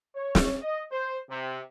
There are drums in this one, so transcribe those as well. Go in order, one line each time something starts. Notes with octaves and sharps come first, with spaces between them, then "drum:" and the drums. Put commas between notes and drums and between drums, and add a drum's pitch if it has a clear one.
C#5
drum: snare
D#5
C5
C3